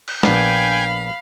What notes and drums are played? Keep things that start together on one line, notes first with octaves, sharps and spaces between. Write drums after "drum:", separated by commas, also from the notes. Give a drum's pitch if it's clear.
drum: cymbal
A#1 B3 D4 F5 G5 G#5 B5, drum: snare